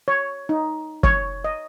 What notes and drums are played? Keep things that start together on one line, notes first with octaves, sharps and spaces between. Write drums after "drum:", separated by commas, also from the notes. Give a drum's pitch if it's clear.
C#5
D#4
C#5, drum: kick
D#5